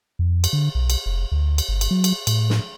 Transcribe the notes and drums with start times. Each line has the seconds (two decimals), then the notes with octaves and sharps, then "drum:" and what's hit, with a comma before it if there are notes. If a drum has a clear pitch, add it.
0.19 F2
0.44 drum: cymbal
0.53 D3
0.75 B1
0.90 drum: cymbal
1.06 F1
1.32 D2
1.58 drum: cymbal
1.69 G1
1.81 drum: cymbal
1.91 F#3
2.04 drum: cymbal
2.27 A2, drum: cymbal
2.50 drum: snare